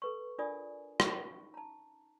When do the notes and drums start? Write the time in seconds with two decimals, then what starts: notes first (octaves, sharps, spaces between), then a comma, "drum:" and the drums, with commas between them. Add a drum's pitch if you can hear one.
0.02 A4 B4 C#6
0.38 D4 F4 A#4 D5 G#5 D#6
1.00 C#4 D#4 B5 C#6, drum: rim click
1.54 A5 A#5